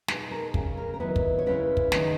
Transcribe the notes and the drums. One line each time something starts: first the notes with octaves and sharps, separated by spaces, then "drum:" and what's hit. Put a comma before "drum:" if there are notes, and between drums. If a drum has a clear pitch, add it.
B2 G#3 D#4 G#4, drum: snare
A#4
C#3 G#3 C#4 G#4, drum: kick
A#4
A#4
D#3 F#3 B3 E4 B4
drum: kick
C#5
C#3 G#3 C#4 E4 B4
drum: kick
D#3 G#3 D#4, drum: snare